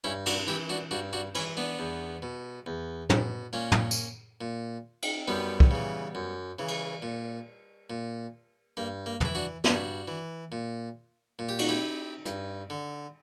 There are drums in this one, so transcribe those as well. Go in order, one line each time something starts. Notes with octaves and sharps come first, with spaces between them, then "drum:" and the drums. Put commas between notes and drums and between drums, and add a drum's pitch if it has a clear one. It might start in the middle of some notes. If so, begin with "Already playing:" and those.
G2 C#4 E4
D4 F#4, drum: cymbal
E3 E4 G4
D4 F#4
G2 D4 F#4
D4 F#4
E3 C#4 E4, drum: cymbal
B3 D4
E2
B2
E2
B2, drum: tom
A#2 A#3 C#4
drum: tom
drum: tambourine
A#2
drum: cymbal
F#2 G3 B3
drum: kick
C#3 E3
F#2
C#3 E3
drum: cymbal
A#2
A#2
G2 A#3
A#3
E3 E4, drum: tom
D4 F#4
G2 D4 F#4, drum: snare
E3
A#2
A#2
G4
F#4, drum: cymbal
E4 G4
G2, drum: hi-hat
D3